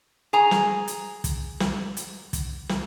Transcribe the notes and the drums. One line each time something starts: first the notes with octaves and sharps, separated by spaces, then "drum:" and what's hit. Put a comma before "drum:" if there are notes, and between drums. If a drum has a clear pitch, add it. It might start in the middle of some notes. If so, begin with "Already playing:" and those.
G#4 G#5 A#5
drum: snare
drum: hi-hat
drum: kick, hi-hat
drum: snare
drum: hi-hat
drum: kick, hi-hat
drum: snare